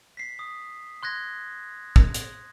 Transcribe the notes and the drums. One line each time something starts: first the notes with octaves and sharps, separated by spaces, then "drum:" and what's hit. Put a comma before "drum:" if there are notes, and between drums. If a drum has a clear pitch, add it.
B6 C7
D#6
C6 F#6 G#6 A#6
drum: kick
drum: hi-hat